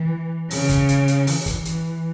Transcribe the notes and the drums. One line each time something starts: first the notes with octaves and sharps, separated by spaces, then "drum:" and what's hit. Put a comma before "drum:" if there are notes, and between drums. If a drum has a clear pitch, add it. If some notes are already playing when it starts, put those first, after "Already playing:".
Already playing: E3
C#3, drum: open hi-hat
drum: kick, hi-hat
drum: hi-hat
drum: hi-hat
E3, drum: open hi-hat
drum: kick, hi-hat
E3, drum: hi-hat